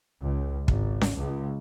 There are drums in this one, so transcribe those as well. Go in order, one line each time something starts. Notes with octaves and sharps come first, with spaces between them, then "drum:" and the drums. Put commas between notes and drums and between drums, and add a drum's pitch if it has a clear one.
C#2
G#1, drum: kick
drum: snare C#4
C#2